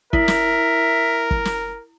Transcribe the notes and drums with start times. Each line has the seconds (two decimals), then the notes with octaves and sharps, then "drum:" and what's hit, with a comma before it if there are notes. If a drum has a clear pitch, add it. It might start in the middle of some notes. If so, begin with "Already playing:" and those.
0.13 E4 A#4 E5, drum: kick
0.28 drum: snare
1.31 drum: kick
1.45 drum: snare